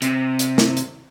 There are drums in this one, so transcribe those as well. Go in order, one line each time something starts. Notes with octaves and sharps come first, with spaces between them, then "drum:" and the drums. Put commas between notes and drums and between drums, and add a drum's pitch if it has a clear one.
C3, drum: hi-hat
drum: hi-hat
drum: snare
drum: hi-hat